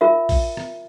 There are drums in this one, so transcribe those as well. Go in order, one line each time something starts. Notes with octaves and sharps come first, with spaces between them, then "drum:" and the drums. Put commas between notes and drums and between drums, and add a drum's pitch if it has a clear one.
F4 A#4 E5
drum: kick, open hi-hat
drum: rim click